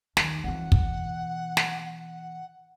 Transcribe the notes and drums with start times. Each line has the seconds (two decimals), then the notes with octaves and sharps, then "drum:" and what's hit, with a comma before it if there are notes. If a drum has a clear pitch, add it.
0.17 D#2, drum: snare
0.44 F2 E3 F#5
0.72 B2 E3, drum: kick
1.57 drum: snare
1.85 F#5